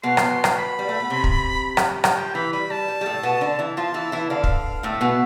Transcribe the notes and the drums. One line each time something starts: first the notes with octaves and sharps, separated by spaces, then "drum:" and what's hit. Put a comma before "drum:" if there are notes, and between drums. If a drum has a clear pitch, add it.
B2 B3 C6
drum: rim click
drum: rim click
B5
G3
A3
B3
C3 C4
drum: kick
drum: rim click
drum: rim click
F3 G5
E3 B5
G3 B5
G3 A5
G3
G3
A2 A3
B2 B3
D3 D4
E3 E4
F3 F4 A5
E3 E4
E3 E4
D3 D4 F5
drum: kick
A2 A3 E5
B2 B3